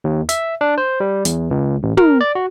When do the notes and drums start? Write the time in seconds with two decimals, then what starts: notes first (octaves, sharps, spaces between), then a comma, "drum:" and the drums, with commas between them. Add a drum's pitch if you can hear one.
0.04 D#2
0.29 E5, drum: hi-hat
0.61 D4
0.78 C5
1.00 G3
1.25 E2, drum: hi-hat
1.51 C#2
1.83 A1
1.97 A#4, drum: tom
2.21 D5
2.35 F#4